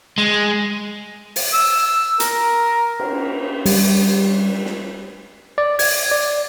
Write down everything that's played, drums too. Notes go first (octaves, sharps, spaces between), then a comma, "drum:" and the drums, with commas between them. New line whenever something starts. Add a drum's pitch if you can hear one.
G#3
drum: open hi-hat
E6
A#4, drum: hi-hat
drum: cymbal
G3, drum: open hi-hat
drum: snare
D5
G#6, drum: open hi-hat
D5